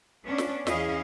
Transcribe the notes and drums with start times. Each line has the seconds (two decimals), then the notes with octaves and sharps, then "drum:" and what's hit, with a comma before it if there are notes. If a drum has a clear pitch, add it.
0.24 B3 C#4 D4
0.38 drum: snare
0.67 E2 C#4 E4 G#4 D#5 F5, drum: snare